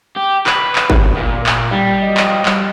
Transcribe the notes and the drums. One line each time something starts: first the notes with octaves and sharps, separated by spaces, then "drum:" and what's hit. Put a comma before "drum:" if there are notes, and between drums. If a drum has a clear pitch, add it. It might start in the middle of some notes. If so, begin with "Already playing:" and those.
G4
B4, drum: clap
drum: clap
drum: kick G1
A#2
drum: clap
G3
F3 F#3 D#5
drum: clap
drum: clap